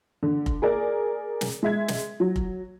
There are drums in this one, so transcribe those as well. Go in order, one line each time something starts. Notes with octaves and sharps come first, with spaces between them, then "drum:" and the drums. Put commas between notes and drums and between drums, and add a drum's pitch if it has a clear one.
D3
drum: kick F1
G#4 A#4 D5
drum: snare
G#3 E5 G#6
drum: snare
F#3
drum: kick F1